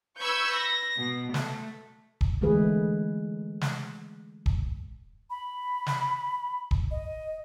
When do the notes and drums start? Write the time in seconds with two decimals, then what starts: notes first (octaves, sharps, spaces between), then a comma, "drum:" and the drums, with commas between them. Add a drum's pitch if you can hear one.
0.18 B4 B5 C#6 E6 G6 G#6
0.54 A#6
0.98 B2
1.34 A3, drum: snare
2.21 drum: kick
2.41 D3 E3 G#3 A3 G#4 B4
3.61 drum: snare
4.46 drum: kick
5.30 B5
5.86 drum: snare
6.71 drum: kick
6.91 D#5